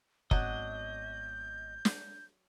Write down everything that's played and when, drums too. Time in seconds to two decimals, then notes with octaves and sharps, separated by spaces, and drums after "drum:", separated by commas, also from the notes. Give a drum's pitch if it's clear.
0.31 G#1 F#3 B3 D4 D#5 F#5 G6, drum: kick F#1
1.85 drum: snare